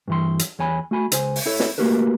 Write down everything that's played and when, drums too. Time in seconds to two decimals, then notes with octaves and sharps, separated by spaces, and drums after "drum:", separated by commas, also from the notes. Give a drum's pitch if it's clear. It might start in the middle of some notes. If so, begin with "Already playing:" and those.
0.08 G2 E3 C6
0.39 drum: hi-hat
0.59 E2 C#5 G#5 B5
0.91 A3 F#4 G#5 B5
1.12 C#2 C5 G#5, drum: hi-hat
1.36 drum: open hi-hat
1.46 E4 A4 C#5
1.60 drum: snare
1.78 A3 A#3 F#4 G4 A#4 B4